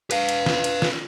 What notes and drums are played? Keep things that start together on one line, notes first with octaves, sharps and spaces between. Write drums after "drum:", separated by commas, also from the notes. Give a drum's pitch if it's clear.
B4 F5, drum: cymbal
drum: cymbal
drum: snare
drum: cymbal
drum: snare